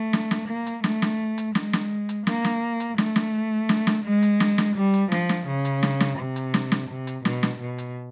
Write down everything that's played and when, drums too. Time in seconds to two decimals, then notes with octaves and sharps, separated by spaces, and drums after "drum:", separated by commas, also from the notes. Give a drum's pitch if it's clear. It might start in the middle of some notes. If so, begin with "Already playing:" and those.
Already playing: A3
0.13 drum: snare
0.31 drum: snare
0.48 A#3
0.67 drum: hi-hat
0.84 A3, drum: snare
1.02 drum: snare
1.38 drum: hi-hat
1.55 G#3, drum: snare
1.73 drum: snare
2.09 drum: hi-hat
2.27 A#3, drum: snare
2.45 drum: snare
2.80 drum: hi-hat
2.98 A3, drum: snare
3.16 drum: snare
3.69 drum: snare
3.87 drum: snare
4.05 G#3
4.22 drum: hi-hat
4.40 drum: snare
4.58 drum: snare
4.76 G3
4.94 drum: hi-hat
5.12 F3, drum: snare
5.29 drum: snare
5.47 C#3
5.65 drum: hi-hat
5.83 drum: snare
6.00 drum: snare
6.18 C3
6.36 drum: hi-hat
6.54 drum: snare
6.72 drum: snare
6.90 C3
7.07 drum: hi-hat
7.25 B2, drum: snare
7.43 drum: snare
7.60 B2
7.78 drum: hi-hat